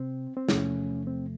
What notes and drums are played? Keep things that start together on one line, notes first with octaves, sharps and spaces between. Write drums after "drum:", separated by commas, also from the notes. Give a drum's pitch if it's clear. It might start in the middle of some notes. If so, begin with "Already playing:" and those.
Already playing: C3 C4
C4
E2 C3 F3 A3 C#4, drum: snare
C4